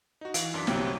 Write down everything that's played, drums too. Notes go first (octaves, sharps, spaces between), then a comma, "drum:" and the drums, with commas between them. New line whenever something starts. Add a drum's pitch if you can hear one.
D#4 F#4
E3 F5 D7, drum: hi-hat
F#2 D4 D6 B6
G1 C2 C3 F#3 G5, drum: snare